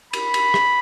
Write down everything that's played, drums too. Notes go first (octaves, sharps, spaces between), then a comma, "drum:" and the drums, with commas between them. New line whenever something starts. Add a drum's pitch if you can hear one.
B5, drum: cymbal
drum: cymbal
drum: rim click